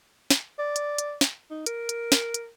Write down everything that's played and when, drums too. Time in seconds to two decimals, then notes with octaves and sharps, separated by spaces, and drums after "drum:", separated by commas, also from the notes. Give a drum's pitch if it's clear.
0.30 drum: snare
0.59 D5
0.76 drum: hi-hat
0.98 drum: hi-hat
1.21 drum: snare
1.50 D#4
1.66 A#4, drum: hi-hat
1.89 drum: hi-hat
2.12 drum: snare
2.34 drum: hi-hat